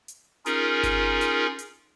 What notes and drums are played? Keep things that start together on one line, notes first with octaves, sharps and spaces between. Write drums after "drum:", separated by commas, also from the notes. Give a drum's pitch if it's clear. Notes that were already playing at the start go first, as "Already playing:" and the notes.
drum: hi-hat
C#4 D#4 F4 G#4 A#4, drum: hi-hat
drum: kick G1, hi-hat
drum: hi-hat
drum: hi-hat